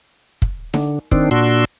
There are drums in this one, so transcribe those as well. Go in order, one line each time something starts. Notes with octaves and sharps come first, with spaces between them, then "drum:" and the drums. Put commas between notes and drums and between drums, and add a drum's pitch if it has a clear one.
drum: kick
D3, drum: snare D#4
D#3 C4 D4, drum: kick
A#2 D4 F#4 C6 E6